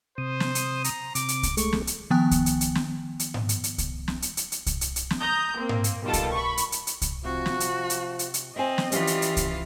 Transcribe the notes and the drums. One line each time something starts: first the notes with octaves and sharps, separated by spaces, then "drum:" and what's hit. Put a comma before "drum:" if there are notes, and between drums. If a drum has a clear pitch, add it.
C3 C5 D#6
drum: snare
drum: hi-hat
A#5, drum: hi-hat
C3 D6, drum: hi-hat
drum: hi-hat
drum: kick C2, hi-hat
G#3 A3 C#6, drum: hi-hat
drum: snare
drum: hi-hat
D#3 F3 B3 G5 G#5 F#6
drum: kick C2, hi-hat
drum: hi-hat
drum: hi-hat
drum: snare
drum: hi-hat
drum: tom G#2
drum: hi-hat
drum: hi-hat
drum: kick C2, hi-hat
drum: snare
drum: hi-hat
drum: hi-hat
drum: hi-hat
drum: kick C2, hi-hat
drum: hi-hat
drum: hi-hat
drum: snare
A#5 D#6 G6
A#3 C4
drum: tom G#2
drum: hi-hat
B2 D#3 G3 F4 A4
drum: kick C2, hi-hat
B5 C#6
drum: hi-hat
drum: hi-hat
drum: hi-hat
drum: kick C2, hi-hat
C3 F3 F#4
drum: snare
drum: hi-hat
drum: hi-hat
drum: hi-hat
drum: hi-hat
C4 D#5 E5 G#5
drum: snare
E3 C#4 F4 G4 D5 F5, drum: hi-hat
drum: hi-hat
drum: hi-hat
drum: kick C2, hi-hat